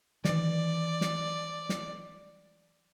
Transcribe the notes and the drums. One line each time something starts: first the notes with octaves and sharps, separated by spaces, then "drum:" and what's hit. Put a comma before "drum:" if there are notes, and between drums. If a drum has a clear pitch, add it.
D#3 E3 D5, drum: snare
drum: snare
drum: snare